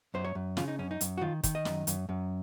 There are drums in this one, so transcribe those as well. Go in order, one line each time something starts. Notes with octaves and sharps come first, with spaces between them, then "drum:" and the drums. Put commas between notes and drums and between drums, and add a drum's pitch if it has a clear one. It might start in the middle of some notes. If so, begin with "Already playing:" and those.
F#2 C5
C#5
F#2
C#3 F4, drum: snare
D#4
F#2 C#4
D#4
F#2, drum: hi-hat
F#4
D#3 F4
D#3, drum: kick, hi-hat
D#5
F#2, drum: snare
F#2, drum: hi-hat
F#2